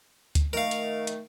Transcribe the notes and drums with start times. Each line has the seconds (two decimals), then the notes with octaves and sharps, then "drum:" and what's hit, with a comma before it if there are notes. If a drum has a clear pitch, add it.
0.35 drum: kick D2, hi-hat
0.53 D#3 A3 A#4 F5
0.71 drum: hi-hat
1.07 drum: hi-hat